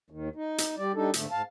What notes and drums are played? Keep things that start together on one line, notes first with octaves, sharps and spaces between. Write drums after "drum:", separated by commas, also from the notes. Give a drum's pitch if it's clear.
D#2 D#3
D#4
drum: hi-hat
G3 D5
G3 D4 D#4 A4
G#2 D3 A3, drum: hi-hat
G#2 F5 A5